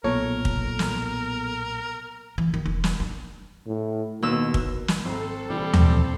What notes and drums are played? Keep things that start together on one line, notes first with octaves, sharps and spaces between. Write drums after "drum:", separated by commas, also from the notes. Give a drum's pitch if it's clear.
B1 A#2 B3 A4 A#4 C#5
drum: kick
drum: snare
E3
D#3
E1
drum: snare
D4
A2
D#2 B2 E6
drum: kick
drum: snare
G#1 C4 A4 A#5
A#1 C3 E3 G3
drum: tom D#2